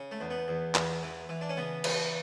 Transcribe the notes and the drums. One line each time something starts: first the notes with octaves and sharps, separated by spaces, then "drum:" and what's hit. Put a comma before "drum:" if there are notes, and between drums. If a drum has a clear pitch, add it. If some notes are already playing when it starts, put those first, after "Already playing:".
Already playing: C#3
A3
E2
B3
E2
E2, drum: clap
E3
E3
D4
C#4
C#3 B3
E3, drum: cymbal